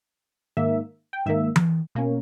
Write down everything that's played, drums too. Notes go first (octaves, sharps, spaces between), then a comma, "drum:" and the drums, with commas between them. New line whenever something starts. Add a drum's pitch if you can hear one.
G#2 D#3 A#3 E5
G5
G#2 D#3 A#3 E5
drum: tom E3
B2 A#3 C#4